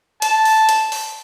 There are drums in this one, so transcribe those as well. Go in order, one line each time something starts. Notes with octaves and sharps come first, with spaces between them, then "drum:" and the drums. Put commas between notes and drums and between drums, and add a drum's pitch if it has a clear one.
A5, drum: hi-hat
drum: open hi-hat
drum: hi-hat
drum: open hi-hat